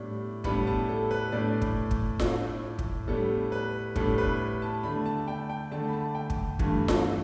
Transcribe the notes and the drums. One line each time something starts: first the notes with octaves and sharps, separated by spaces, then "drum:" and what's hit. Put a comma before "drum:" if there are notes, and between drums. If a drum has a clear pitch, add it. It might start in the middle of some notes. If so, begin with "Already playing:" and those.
Already playing: A2 G3 B3 D4
A2 G3 B3 D4 B5, drum: kick
A5
A4
B4
A2 A3 D4 D5
drum: kick
drum: kick
A2 A3 D4, drum: snare F4
drum: kick
A2 G3 B3 D4 A4
B4
A2 G3 B3 D4 A4, drum: kick
B4
A5
D3 A3 D4 B5
A5
G5
G5
D3 A3 D4 A5
B5
A5
G5
drum: kick
G2 E3 A3, drum: kick
drum: snare F4